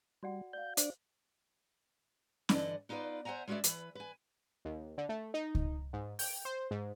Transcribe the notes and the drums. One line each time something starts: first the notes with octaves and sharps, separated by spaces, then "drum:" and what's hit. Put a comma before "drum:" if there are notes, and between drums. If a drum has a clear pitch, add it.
G3 F#4 D5 F#5
D5 F5 G6
D4 C5 D5, drum: hi-hat
G2 D3 E3 D5 D#5, drum: snare C#4
B3 D#4 F4 G#4 B4 D5
C5 E5 F#5 G#5 A#5
G#3 C#4 F#4 B4 D5 E5
E3 B4, drum: hi-hat
B4 G#5
D#2
D3
A3
D#4
drum: kick C#2
G#2
G5, drum: open hi-hat
C5
G#2